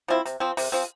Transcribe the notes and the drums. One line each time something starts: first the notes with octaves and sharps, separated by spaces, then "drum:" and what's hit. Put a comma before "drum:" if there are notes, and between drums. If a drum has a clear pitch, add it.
F3 C4 E4
C3, drum: hi-hat
F3 C4
C3, drum: open hi-hat
F3 C4